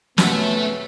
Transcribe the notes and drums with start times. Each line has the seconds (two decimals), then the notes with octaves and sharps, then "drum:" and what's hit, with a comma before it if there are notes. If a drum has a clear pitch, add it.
0.18 F#2 C3 A3 B3 C#4 A4 E5 F#5, drum: snare